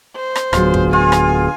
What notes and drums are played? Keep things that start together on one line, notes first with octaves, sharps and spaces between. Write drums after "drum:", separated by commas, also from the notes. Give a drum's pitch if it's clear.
C5
drum: rim click
D1 D3 F#3 B3 F4 G#4, drum: rim click
drum: kick
F4 G#5
drum: rim click